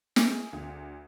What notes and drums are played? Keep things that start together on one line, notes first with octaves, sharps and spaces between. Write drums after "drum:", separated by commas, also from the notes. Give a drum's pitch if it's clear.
G#4, drum: snare
D2